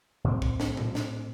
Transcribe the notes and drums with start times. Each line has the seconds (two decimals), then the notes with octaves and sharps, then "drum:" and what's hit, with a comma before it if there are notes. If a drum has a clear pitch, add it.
0.24 A2 C4
0.42 drum: kick
0.60 drum: snare
0.77 drum: tom A#2
0.95 drum: snare